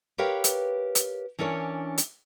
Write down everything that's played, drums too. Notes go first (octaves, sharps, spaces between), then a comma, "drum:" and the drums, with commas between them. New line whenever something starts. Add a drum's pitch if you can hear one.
G4 A#4 B4 C#5 F5 G5
drum: hi-hat
drum: hi-hat
E3 C#4 D4 A#4 C#5
drum: hi-hat